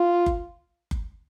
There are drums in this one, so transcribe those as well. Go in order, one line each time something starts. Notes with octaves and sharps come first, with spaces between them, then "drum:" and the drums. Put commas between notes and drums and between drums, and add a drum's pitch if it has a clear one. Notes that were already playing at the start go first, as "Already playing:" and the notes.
Already playing: F4
drum: kick F#1
drum: kick F#1